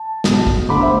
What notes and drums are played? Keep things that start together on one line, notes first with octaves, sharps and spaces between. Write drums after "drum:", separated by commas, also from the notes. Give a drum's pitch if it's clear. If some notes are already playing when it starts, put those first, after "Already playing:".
Already playing: A5
B1 B2, drum: snare
drum: kick
D2 D3 B5 D6
C5 E5